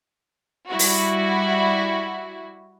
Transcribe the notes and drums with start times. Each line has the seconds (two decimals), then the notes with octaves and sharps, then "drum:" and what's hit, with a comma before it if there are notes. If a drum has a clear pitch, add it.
0.69 G3 E4 F#4
0.79 drum: open hi-hat